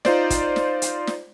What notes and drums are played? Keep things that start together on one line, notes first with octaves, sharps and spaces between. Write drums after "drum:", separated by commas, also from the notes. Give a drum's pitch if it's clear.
D#4 F4 C5 D5, drum: snare
drum: kick, hi-hat
drum: snare
drum: hi-hat
drum: snare